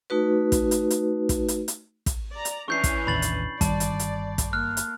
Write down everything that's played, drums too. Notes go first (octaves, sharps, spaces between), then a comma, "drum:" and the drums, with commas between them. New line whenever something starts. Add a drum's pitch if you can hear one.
A3 D#4 F#4 B4
drum: kick, hi-hat
drum: hi-hat
drum: hi-hat
drum: kick, hi-hat
drum: hi-hat
drum: hi-hat
drum: kick, hi-hat
D5 A#5
drum: hi-hat
E3 C#4 D4 C#6 G6 C7
drum: kick, hi-hat
A1 D#2 B5 A6 F#7
drum: hi-hat
G1 D#3 G3 D5 A5, drum: kick, hi-hat
drum: hi-hat
drum: hi-hat
drum: kick, hi-hat
A#3 F6 F#6
drum: hi-hat